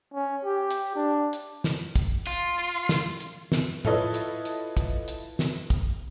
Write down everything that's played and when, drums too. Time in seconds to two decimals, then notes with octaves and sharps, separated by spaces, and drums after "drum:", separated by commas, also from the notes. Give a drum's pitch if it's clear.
0.14 C#4
0.44 G4
0.71 drum: hi-hat
0.95 D4
1.33 drum: hi-hat
1.64 drum: snare
1.95 drum: kick, hi-hat
2.27 F4, drum: hi-hat
2.58 drum: hi-hat
2.89 drum: snare
3.20 drum: hi-hat
3.52 drum: snare
3.85 E4 F4 A4 B4 C#5 D#5, drum: tom
4.14 drum: hi-hat
4.45 drum: hi-hat
4.77 drum: kick, hi-hat
5.08 drum: hi-hat
5.39 drum: snare
5.70 drum: kick, hi-hat